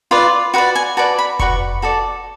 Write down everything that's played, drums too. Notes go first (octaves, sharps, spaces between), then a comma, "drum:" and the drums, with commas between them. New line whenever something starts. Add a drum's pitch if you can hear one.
F4 B4 D5
F#4 B4 D5 F#5
G#5
F#4 B4 D5 A5
B5
F#4 B4 D5 C#6, drum: kick F1
F#4 A4 D5